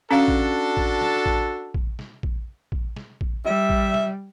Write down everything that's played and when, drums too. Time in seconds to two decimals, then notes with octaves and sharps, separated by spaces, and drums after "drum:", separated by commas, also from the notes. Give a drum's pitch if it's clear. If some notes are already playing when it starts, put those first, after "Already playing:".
0.11 C#4 D4 F#4 A4 F5
0.28 drum: kick A1
0.77 drum: kick A1
1.01 drum: snare
1.26 drum: kick A1
1.74 drum: kick A1
1.99 drum: snare
2.23 drum: kick A1
2.72 drum: kick A1
2.96 drum: snare
3.21 drum: kick A1
3.45 G3 E5
3.70 drum: kick A1
3.94 drum: snare